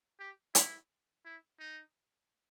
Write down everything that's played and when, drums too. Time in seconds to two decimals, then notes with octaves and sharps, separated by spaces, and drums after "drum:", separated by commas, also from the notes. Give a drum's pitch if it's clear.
0.20 G4
0.55 E4, drum: hi-hat
1.25 E4
1.60 D#4